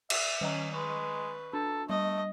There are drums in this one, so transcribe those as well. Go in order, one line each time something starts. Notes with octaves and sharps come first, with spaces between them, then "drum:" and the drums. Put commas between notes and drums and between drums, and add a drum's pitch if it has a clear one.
E5, drum: cymbal
D#3 C#4 D#5 A#5
G#3 B4 C#6
D4 A4
G3 A3 D#5